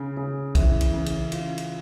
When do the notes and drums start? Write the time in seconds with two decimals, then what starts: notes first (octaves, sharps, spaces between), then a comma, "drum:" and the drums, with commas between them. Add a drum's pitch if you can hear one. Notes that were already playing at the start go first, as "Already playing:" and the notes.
Already playing: C#3
0.17 C#3
0.55 E3, drum: kick, cymbal
0.81 drum: cymbal
0.94 C#3
1.06 drum: cymbal
1.32 F4, drum: cymbal
1.58 drum: cymbal